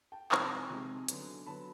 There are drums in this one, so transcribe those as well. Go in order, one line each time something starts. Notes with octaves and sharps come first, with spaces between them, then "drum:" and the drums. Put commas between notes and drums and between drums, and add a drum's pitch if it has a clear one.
G5 A5
C3 F3 G#3 C4 D#4, drum: clap
A5 B5
G#5 A#5
C3 F3 G#3 C4 D#4
D3 F#3 B3, drum: hi-hat
D3 F#3 B3 A5 B5